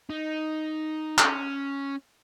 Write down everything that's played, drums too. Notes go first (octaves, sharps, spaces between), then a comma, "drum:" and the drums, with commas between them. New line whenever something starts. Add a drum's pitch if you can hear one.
D#4
C#4, drum: clap